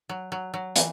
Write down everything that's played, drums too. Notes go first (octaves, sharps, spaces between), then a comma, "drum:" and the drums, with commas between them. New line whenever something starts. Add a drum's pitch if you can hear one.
F#3
F#3
F#3
E3, drum: hi-hat